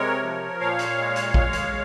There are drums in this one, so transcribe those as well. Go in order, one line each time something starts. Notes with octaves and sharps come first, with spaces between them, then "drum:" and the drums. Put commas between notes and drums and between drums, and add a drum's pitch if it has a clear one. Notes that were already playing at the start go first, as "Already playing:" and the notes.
Already playing: C3 G#3 A#4 C#5
F3
A#2 C#5 F5
drum: hi-hat
G#3
drum: hi-hat
G#3, drum: kick A#1
drum: hi-hat